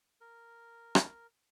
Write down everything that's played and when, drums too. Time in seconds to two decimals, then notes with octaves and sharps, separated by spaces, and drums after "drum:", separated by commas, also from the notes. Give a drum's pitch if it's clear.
0.21 A#4
0.95 drum: rim click